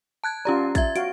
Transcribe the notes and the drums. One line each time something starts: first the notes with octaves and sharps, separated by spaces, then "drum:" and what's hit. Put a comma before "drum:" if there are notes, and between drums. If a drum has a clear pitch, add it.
A5 F#6 G#6
C#4 F4 G4 D5 A#5
E5 G#6 A6, drum: kick, hi-hat
F#4 F5 D7, drum: hi-hat